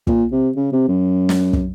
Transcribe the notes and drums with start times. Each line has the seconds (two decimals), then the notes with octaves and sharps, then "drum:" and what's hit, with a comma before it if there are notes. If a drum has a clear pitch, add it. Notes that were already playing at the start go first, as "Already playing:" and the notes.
0.07 A#2, drum: kick
0.32 C3
0.56 C#3
0.72 C3
0.88 F#2
1.29 drum: snare
1.53 drum: kick